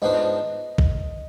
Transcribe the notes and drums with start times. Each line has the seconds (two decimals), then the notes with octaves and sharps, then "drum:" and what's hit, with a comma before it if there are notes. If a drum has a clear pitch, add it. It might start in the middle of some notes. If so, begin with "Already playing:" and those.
0.02 G#2 F3 B3 D4 D#5
0.78 drum: kick A#1